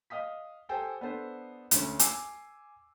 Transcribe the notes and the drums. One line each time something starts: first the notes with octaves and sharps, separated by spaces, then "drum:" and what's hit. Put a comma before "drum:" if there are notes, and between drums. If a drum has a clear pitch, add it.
D#5 F5 D#6 B6
G4 A4 C5 G5 G#5
B3 D4 A4 C5
D2 C#4, drum: hi-hat
G#5 D6 E6 C7, drum: hi-hat